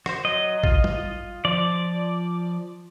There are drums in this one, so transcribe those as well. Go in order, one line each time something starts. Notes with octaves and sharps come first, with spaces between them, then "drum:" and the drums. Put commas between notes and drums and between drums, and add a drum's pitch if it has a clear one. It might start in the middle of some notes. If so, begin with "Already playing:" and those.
F#4 C5, drum: rim click
F#3 D#5
F4, drum: kick
drum: tom G3
F3 D5